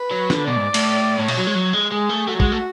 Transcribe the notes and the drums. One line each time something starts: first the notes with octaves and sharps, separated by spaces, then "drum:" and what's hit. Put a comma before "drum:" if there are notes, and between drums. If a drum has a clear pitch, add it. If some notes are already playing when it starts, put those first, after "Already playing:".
Already playing: B4
F#3
D3, drum: snare
B2 D5
G#2
A2, drum: cymbal
A2 C#5
B2, drum: cymbal
F#3
G#3
F#3
G#3
G#3 G#4
A3
A3 F#4
F#3
G#3, drum: kick
A3